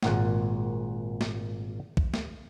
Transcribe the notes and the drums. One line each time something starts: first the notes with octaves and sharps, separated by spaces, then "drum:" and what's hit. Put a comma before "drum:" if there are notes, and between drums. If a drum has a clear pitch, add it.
G#1 A#2 F#5, drum: snare
drum: snare
drum: kick A#1
drum: snare